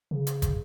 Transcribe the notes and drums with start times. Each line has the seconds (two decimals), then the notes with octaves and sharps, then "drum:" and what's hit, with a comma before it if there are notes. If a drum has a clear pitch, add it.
0.11 C#3
0.27 drum: hi-hat
0.42 drum: kick, hi-hat